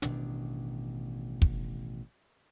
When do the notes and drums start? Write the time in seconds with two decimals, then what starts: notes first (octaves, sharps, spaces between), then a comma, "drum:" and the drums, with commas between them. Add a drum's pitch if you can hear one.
0.02 A1 B2 D#3 D4, drum: hi-hat
1.42 drum: kick